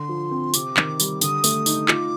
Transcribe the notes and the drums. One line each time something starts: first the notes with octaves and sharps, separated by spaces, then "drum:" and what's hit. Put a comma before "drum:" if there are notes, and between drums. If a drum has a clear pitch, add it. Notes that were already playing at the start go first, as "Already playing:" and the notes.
Already playing: D3 C6
F3
C4
C3 D6, drum: tambourine
D#3, drum: clap
G3, drum: tambourine
D3 D#6, drum: tambourine
A3, drum: tambourine
D#4, drum: tambourine
F4 D6, drum: clap